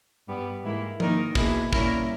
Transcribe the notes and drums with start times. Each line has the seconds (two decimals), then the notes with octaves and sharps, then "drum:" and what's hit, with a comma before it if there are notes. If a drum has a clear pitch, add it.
0.27 G2 G3 B3 G4
0.63 G#2 E3 A#3 E4
1.00 D#3 A#3 D#4 A#4, drum: tom F3
1.35 B2 A#3 E4 G#4, drum: kick
1.73 A#2 G3 C#4 E4 A#4, drum: kick